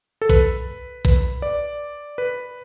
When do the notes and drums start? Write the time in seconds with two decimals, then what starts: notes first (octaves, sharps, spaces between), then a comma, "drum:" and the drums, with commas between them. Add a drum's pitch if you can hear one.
0.22 A4
0.30 B4, drum: kick A#1, hi-hat
1.05 B4, drum: kick A#1, hi-hat
1.42 D5
2.18 B4